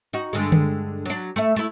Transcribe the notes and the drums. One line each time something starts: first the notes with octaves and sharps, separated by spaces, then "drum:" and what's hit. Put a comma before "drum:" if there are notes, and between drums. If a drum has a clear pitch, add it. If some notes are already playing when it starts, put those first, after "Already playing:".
D#4 F#4
G2 D3 G#3
drum: tom D3
F#3 D4
A3 E5
A3 E4